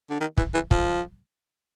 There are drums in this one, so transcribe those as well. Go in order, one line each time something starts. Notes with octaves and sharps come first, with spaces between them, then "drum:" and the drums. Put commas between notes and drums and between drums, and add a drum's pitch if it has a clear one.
D3
D#3
E3, drum: kick
E3
F3, drum: kick